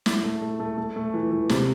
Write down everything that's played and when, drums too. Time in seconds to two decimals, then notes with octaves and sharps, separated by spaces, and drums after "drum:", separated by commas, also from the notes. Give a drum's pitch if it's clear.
0.06 E4, drum: snare
0.24 A3
0.42 A3
0.60 A3
0.77 A3
0.96 A3
1.14 E3
1.32 E3
1.49 C3, drum: snare